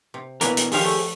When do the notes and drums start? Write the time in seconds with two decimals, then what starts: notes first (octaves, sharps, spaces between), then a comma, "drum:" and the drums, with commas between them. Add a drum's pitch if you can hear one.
0.14 C3
0.41 B2 E3 A#3 A#4 B4 G#5, drum: hi-hat
0.57 drum: hi-hat
0.72 D#3 F3 G4 G#4 F5, drum: open hi-hat
0.84 A3